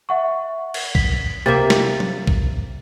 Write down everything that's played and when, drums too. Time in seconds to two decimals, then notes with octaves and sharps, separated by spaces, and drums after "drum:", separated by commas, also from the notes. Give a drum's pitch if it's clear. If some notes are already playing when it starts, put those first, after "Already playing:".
0.09 E5 F#5 C#6
0.74 drum: cymbal
0.95 B6, drum: kick A#1
1.46 C3 A#3 E5 A6
1.70 drum: snare
2.00 drum: tom
2.27 drum: kick A#1